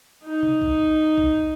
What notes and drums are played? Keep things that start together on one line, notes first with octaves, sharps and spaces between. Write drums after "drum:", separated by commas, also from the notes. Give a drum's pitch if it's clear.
D#4
drum: tom C3
drum: kick
drum: kick